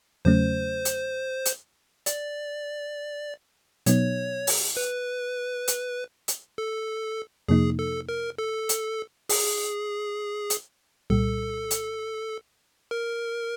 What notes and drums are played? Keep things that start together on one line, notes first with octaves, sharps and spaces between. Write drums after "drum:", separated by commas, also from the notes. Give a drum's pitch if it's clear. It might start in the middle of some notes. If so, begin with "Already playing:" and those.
E2 C#3 F#3 A3 C#4 C5
drum: hi-hat
drum: hi-hat
D5, drum: hi-hat
B2 F#3 B3 D#4 C#5, drum: hi-hat
drum: open hi-hat
B4
drum: hi-hat
drum: hi-hat
A4
F2 C3 F3 A#3 D#4 G#4
A4
A#4
A4
drum: hi-hat
G#4, drum: open hi-hat
drum: hi-hat
C2 A#2 G3 A4
drum: hi-hat
A#4